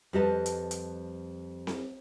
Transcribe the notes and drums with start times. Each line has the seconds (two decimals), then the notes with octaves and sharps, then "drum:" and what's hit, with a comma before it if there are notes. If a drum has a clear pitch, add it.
0.13 F2 G3 G4 B4 D#5 A5
0.46 drum: hi-hat
0.71 drum: hi-hat
1.67 drum: snare C4